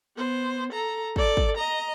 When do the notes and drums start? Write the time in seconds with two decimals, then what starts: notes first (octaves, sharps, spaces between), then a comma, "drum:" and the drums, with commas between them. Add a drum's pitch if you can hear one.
0.16 B3 C5
0.72 A4 A#5
1.16 A4 D5, drum: kick
1.37 drum: kick
1.57 D#5 A#5